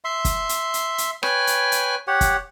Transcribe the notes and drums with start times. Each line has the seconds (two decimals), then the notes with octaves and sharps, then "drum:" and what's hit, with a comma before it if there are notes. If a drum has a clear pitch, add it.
0.05 E5 C6
0.25 drum: kick, hi-hat
0.49 drum: hi-hat
0.74 drum: hi-hat
0.98 drum: hi-hat
1.23 B4 C#5 G5 G#5, drum: rim click
1.47 drum: hi-hat
1.72 drum: hi-hat
2.07 G4 C#5 F#5
2.21 drum: kick, hi-hat